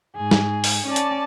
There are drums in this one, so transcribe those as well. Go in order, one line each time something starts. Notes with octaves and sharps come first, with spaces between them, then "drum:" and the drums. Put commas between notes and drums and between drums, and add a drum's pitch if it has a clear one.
G#2 G#4
drum: snare
drum: open hi-hat
C#4 D5 A5
drum: hi-hat